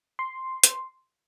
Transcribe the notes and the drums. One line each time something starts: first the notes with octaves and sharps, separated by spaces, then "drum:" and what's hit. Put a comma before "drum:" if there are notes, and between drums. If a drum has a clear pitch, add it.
C6
drum: hi-hat